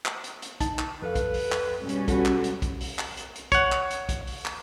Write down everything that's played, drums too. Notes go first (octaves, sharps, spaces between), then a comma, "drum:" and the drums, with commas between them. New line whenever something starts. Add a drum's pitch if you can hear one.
drum: clap
drum: hi-hat
drum: hi-hat
D#4 A5, drum: kick, hi-hat
drum: clap
F2 A4 B4 F5
drum: kick, hi-hat
drum: open hi-hat
drum: clap
B2 G3 C#4
drum: hi-hat
F#4 A4 F#5 B5, drum: kick, hi-hat
drum: clap
drum: hi-hat
drum: kick, hi-hat
drum: open hi-hat
drum: clap
drum: hi-hat
drum: hi-hat
C#5 F#5, drum: kick, hi-hat
drum: clap
drum: hi-hat
drum: kick, hi-hat
drum: open hi-hat
drum: clap